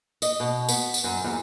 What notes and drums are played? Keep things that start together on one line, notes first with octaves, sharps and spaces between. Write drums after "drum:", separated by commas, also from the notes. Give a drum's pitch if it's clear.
D#5, drum: tambourine
B2
B3, drum: tambourine
drum: tambourine
F#2
E2